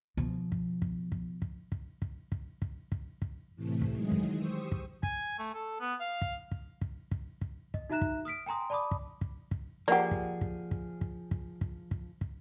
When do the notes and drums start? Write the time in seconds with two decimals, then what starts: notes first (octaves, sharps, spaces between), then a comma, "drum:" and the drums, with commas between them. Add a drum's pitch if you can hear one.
0.17 B2 F3
0.52 drum: kick
0.82 drum: kick
1.12 drum: kick
1.42 drum: kick
1.72 drum: kick
2.02 drum: kick
2.32 drum: kick
2.62 drum: kick
2.92 drum: kick
3.22 drum: kick
3.55 A2 C3 E3 A3
3.82 drum: kick
3.94 D#3 E3 F#3 G#3 G#4
4.12 drum: kick
4.36 G4 C5 C#6 D#6 E6
4.72 drum: kick
5.03 G#5, drum: kick
5.39 A3
5.54 A4
5.80 B3
6.00 F5
6.22 drum: kick
6.51 drum: kick
6.81 drum: kick
7.11 drum: kick
7.41 drum: kick
7.74 D#5, drum: kick
7.90 D#4 F#4 E5 A#5 F#6 E7
8.01 drum: kick
8.25 D#6 F6 B6 D7
8.46 G5 G#5 A#5 C6 D#6
8.70 D5 A5 B5 D6 D#6
8.91 drum: kick
9.21 drum: kick
9.51 drum: kick
9.88 F3 A#3 G4 G#4 D5 F#5
10.11 drum: kick
10.41 drum: kick
10.71 drum: kick
11.01 drum: kick
11.31 drum: kick
11.61 drum: kick
11.91 drum: kick
12.21 drum: kick